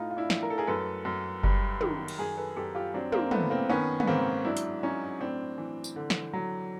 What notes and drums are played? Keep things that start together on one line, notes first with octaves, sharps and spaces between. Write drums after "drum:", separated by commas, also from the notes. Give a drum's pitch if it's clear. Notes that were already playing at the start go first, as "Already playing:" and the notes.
Already playing: A2 D#4 F4
F4
D4 E4
A2, drum: snare
A#4
A4
G#4 A#4
F#2 A4 B4
F#2
G2, drum: kick F#1
D#3, drum: tom
drum: cymbal
F#2 G#4 A#4
A4 B4
F#2 G4 A4
F4 G4
F#3 C4 D4
A#3 C4, drum: tom
A2 A3 B3, drum: tom
A#3 C4
D#3 B3 C#4
B3, drum: tom
G#2 A#3 C4
F#3 D4 E4
drum: hi-hat
F#3 C#4 D#4
A2 C4 D4
E3
drum: tambourine
D3
drum: snare
F#3